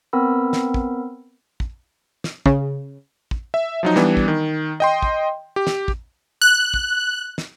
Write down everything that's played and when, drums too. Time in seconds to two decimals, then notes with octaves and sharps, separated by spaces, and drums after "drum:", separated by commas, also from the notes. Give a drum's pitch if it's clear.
0.13 B3 C4 A#4 B5 E6
0.53 drum: snare
0.74 drum: kick
1.60 drum: kick
2.24 drum: snare
2.46 C#3, drum: kick
3.31 drum: kick
3.54 E5
3.83 F3 F#3 D#4
3.96 E3 G3 B3 D4, drum: snare
4.17 drum: kick
4.28 D#3
4.80 D#5 G5 C6
5.02 drum: kick
5.56 G4
5.67 drum: snare
5.88 drum: kick
6.42 F#6
6.74 drum: kick
7.38 drum: snare